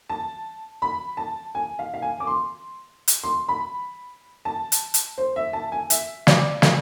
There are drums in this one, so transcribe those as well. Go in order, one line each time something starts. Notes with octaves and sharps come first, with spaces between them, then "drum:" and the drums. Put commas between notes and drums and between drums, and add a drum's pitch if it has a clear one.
A5
B5
A5
G#5
F5
F5
G#5
D6
C6
drum: hi-hat
C6
B5
A5
drum: hi-hat
drum: hi-hat
C5
E5
A5
G#5
E5, drum: hi-hat
D5, drum: snare
A4, drum: snare